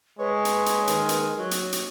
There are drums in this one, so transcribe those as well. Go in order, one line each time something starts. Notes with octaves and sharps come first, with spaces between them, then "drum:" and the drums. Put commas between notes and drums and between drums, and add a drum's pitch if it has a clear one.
G#3 B4 C#5
drum: hi-hat
drum: hi-hat
D#3, drum: hi-hat
drum: hi-hat
F#3
drum: hi-hat
drum: hi-hat